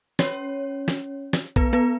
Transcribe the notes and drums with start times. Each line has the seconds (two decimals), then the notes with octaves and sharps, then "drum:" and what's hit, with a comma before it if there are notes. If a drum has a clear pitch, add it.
0.19 C#4 C#5, drum: snare
0.88 drum: snare
1.33 drum: snare
1.56 B3 B4, drum: kick
1.73 B3 B4